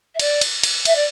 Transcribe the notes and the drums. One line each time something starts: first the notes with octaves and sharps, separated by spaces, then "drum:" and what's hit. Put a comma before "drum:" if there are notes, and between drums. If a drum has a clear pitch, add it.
E5
D5, drum: cymbal
drum: cymbal
drum: cymbal
E5, drum: cymbal
D5